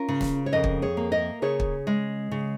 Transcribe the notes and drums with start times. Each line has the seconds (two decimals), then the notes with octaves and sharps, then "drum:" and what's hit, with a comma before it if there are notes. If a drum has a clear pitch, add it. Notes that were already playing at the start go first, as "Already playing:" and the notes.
Already playing: C#4 F4 A#4
0.08 C#3
0.21 drum: snare
0.46 C#5
0.53 F2 A#4 D#5
0.64 drum: kick
0.82 G#4 C#5
0.97 A#3
1.12 A#4 D#5
1.42 C#3 G#4 C#5
1.60 drum: kick
1.87 G#3
2.31 C#3